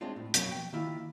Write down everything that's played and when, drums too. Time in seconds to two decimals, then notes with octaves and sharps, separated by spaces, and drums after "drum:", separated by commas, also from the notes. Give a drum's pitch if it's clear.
0.01 G#3 C4 D4 F4
0.16 A2
0.34 F2 B2 F#3 A#3, drum: hi-hat
0.51 G5
0.73 D#3 A#3 E4 F4